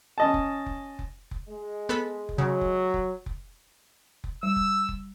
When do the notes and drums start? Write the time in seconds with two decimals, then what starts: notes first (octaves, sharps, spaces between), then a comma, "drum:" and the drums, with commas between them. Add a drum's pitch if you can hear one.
0.18 C#4 D#5 A5
0.34 drum: kick F1
0.66 drum: kick F1
0.99 drum: kick F1
1.31 drum: kick F1
1.48 G#3
1.89 B3 A4 B5
2.29 drum: kick F1
2.38 C#3 F#3
2.61 drum: kick F1
2.94 drum: kick F1
3.26 drum: kick F1
4.24 drum: kick F1
4.43 G3 E6
4.56 drum: kick F1
4.89 drum: kick F1